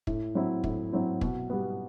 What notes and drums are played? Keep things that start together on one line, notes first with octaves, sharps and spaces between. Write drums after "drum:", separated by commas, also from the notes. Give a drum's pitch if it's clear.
A2, drum: kick
F#3 C4 E4
A2, drum: kick
F#3 C4 E4
B2, drum: kick
G3 B3